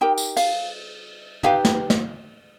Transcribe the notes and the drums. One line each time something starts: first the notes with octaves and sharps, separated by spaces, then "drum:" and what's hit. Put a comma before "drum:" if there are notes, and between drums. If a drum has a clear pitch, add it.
D#4 G4 A#4 G5
drum: tambourine
F5, drum: cymbal
D#4 G4 B4 F5, drum: tom
drum: snare
drum: snare